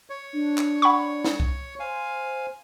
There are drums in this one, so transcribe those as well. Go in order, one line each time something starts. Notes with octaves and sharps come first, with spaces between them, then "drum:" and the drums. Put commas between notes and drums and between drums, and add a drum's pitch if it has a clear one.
C#5
D4
drum: clap
F#5 B5 C#6
drum: snare
drum: kick C2
C5 F5 G#5